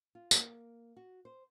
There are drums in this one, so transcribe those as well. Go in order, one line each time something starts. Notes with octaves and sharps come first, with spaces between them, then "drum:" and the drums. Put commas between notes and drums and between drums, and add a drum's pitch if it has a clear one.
F4
A#3, drum: tambourine
F#4
C5